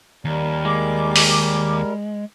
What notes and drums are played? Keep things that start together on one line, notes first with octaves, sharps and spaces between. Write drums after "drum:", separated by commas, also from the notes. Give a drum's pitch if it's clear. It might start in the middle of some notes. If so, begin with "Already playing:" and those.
D#2 G3 A#4
G#3 D6
drum: open hi-hat